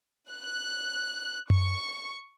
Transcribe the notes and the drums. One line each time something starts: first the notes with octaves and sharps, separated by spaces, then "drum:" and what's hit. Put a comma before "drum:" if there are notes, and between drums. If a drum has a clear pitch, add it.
F#6
C#6, drum: tom F#2